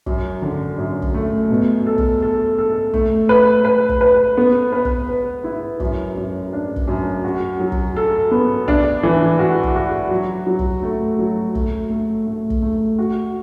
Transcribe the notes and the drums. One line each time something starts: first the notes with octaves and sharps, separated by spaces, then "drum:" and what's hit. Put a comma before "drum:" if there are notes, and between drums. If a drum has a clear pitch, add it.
F#2, drum: kick
D3
F#2
drum: kick
A3
B2
A4
drum: kick
A4
A4
A3, drum: kick
B4
B4
drum: kick
B4
B3
B4
drum: kick
B4
E4
F#2, drum: kick
F#2
D4
drum: kick
F#2
F#4
F#3
drum: kick
A4
B3
D4, drum: kick
E3
F#4
drum: kick
F#4
F#3
F#3
drum: kick
A3
F#3
A3, drum: kick
A3
A3
drum: kick
A3
F#4